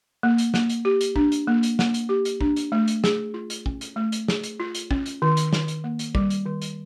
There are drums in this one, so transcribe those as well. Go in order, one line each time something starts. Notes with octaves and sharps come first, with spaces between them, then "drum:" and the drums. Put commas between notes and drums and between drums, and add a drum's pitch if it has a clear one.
A#3
drum: hi-hat
A#3, drum: snare
drum: hi-hat
G4
drum: hi-hat
D4, drum: kick
drum: hi-hat
A#3
drum: hi-hat
A#3, drum: snare
drum: hi-hat
G4
drum: hi-hat
D4, drum: kick
drum: hi-hat
A3
drum: hi-hat
G#4, drum: snare
F4
drum: hi-hat
C#4, drum: kick
drum: hi-hat
A3
drum: hi-hat
G#4, drum: snare
drum: hi-hat
F4
drum: hi-hat
C#4, drum: kick
drum: hi-hat
D#3
drum: hi-hat
D#3, drum: snare
drum: hi-hat
A#3
drum: hi-hat
G3, drum: kick
drum: hi-hat
D#3
drum: hi-hat